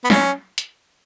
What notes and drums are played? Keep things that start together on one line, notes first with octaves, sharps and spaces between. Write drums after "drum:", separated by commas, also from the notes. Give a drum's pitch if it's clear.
B3
C#4, drum: snare
drum: hi-hat